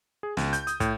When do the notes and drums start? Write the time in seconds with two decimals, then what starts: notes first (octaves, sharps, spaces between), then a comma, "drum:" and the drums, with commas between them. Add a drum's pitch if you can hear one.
0.23 G#4
0.37 C#2, drum: snare
0.53 G6, drum: hi-hat
0.67 D#6, drum: hi-hat
0.80 A2, drum: kick, hi-hat